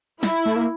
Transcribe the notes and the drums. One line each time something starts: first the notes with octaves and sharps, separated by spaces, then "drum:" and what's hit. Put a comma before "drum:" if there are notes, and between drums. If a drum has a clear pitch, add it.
E4, drum: snare
A3
A#3